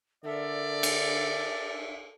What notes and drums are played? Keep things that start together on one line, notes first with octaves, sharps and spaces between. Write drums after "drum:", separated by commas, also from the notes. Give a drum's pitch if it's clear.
D3 A4 A#4 D5 E5
drum: cymbal